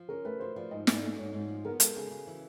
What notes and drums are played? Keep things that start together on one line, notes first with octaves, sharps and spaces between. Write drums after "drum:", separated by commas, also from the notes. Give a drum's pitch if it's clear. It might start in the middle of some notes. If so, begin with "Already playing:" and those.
Already playing: F3
C#4 A#4
A3 B4
F3 C5
F3 D5
G#2 D#5
G#2, drum: snare
D5
A3
G#2 C#5
G#2
F3
B3 A#4
G#3 A4, drum: hi-hat
C#3 G#4
C#3
E3